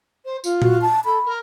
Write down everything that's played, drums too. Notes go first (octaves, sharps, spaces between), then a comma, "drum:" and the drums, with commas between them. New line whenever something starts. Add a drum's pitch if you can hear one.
C5
F4, drum: tambourine
F#4, drum: tom A#2
A5
A4 B5
A#4